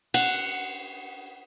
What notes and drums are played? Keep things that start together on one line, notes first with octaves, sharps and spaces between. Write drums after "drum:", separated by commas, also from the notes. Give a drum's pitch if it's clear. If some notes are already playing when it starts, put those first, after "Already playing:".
F#5, drum: cymbal